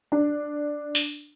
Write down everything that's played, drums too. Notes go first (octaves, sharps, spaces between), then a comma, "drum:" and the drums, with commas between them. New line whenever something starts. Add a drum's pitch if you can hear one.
D4
drum: open hi-hat